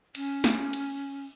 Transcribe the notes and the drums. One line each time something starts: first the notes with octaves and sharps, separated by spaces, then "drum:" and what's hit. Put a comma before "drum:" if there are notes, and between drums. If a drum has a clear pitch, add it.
C#4, drum: cymbal
drum: snare
drum: cymbal